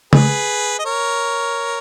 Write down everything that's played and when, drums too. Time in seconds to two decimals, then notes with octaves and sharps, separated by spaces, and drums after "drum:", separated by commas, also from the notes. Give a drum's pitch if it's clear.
0.13 G#4 B4, drum: tom C#3
0.79 D#5
0.85 A#4 C#5